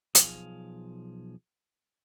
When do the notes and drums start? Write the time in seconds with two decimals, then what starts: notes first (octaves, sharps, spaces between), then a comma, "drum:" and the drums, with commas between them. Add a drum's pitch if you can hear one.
0.15 B1 F3 G#4 F5, drum: hi-hat